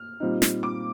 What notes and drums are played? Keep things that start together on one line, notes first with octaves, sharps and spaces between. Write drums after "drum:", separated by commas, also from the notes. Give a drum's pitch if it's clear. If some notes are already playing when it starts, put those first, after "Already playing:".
Already playing: F6
A#2 G3 C4 D#4
drum: snare
D6